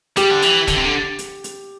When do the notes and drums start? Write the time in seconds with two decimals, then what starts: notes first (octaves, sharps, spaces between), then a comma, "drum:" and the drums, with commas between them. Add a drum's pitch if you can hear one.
0.16 G3 G4, drum: hi-hat
0.30 D3
0.42 E3, drum: hi-hat
0.67 D3, drum: kick, hi-hat
0.76 C3
0.85 D3
1.19 drum: hi-hat
1.44 drum: hi-hat